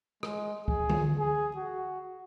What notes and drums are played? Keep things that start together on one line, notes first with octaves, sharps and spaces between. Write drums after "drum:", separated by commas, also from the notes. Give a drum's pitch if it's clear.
G#3, drum: rim click
G#4, drum: kick C#2
drum: tom D3
G#4
F#4